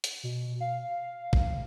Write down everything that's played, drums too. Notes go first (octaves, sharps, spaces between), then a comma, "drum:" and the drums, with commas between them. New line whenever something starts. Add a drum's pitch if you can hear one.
drum: hi-hat
B2
F5
drum: kick